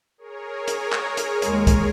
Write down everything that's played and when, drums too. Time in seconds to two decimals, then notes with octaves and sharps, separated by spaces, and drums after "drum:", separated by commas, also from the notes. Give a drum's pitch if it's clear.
0.18 G#4 A#4 C#5
0.68 drum: hi-hat
0.92 drum: clap
1.17 drum: hi-hat
1.42 D#2 G#3, drum: hi-hat
1.67 drum: kick, hi-hat